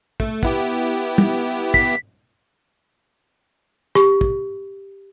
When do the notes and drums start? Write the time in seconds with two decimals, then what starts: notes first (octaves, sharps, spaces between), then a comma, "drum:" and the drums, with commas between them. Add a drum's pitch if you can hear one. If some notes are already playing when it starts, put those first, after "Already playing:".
0.20 A3, drum: kick
0.43 B3 E4 G4, drum: kick
1.18 drum: tom
1.74 B6, drum: kick
3.95 G4, drum: rim click
4.21 drum: kick